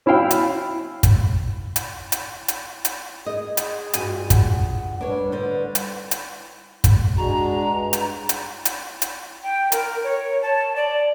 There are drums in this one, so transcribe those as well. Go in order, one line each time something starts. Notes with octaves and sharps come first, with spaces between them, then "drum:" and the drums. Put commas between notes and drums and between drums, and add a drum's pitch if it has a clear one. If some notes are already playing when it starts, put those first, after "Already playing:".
C#4 E4 F#4 F5 G5
drum: hi-hat
drum: kick, hi-hat
drum: hi-hat
drum: hi-hat
drum: hi-hat
drum: hi-hat
G#4 D#5
drum: hi-hat
G2 F4 F#4 G#5, drum: hi-hat
F#5, drum: kick, hi-hat
G3 D4 B4 C#5
D3 B4 C5
drum: hi-hat
drum: hi-hat
drum: kick, hi-hat
G#3 D4 F#4 A#5
G2
drum: hi-hat
drum: hi-hat
drum: hi-hat
drum: hi-hat
G5
A#4, drum: hi-hat
C#5
A5
D5